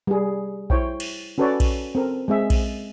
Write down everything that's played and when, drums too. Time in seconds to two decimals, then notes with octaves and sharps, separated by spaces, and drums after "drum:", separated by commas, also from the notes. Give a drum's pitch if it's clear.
0.07 G3 G#4
0.70 E4 C5 C#5 G5, drum: kick A#1
1.00 drum: cymbal
1.38 C#4 F#4 A4 B4 C#5 D5
1.60 drum: kick A#1, cymbal
1.95 C4 A4 A#4
2.28 G#3 C4 G#4 E5
2.50 drum: kick A#1, cymbal